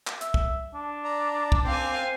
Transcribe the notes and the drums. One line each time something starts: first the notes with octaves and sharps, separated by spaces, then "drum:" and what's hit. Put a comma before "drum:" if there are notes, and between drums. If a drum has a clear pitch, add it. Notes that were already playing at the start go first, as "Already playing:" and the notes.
drum: clap
E5, drum: hi-hat
drum: kick
D4
D5 A#5
drum: kick
C4 C5 F5 G#5